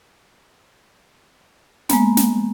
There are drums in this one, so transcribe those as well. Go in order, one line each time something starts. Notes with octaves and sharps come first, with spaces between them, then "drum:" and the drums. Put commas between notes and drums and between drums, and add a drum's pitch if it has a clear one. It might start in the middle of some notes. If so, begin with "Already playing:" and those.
G#3 A#3 B3, drum: snare
drum: snare